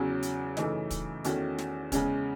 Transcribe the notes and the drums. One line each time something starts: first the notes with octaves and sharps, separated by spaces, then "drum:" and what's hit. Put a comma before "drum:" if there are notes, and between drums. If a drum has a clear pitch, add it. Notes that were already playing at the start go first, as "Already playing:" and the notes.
Already playing: E2 C#3 F#3 C#4
drum: hi-hat
F#2 C#3 E3 A3 D#4, drum: snare
drum: kick, hi-hat
E2 D#3 A3 C#4 F#4, drum: hi-hat
drum: snare
E2 C#3 G#3 C#4, drum: kick, hi-hat